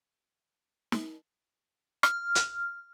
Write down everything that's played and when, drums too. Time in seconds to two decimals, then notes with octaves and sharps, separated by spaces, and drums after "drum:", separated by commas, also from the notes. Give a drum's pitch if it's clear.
0.92 drum: snare
2.03 F6, drum: rim click
2.35 drum: hi-hat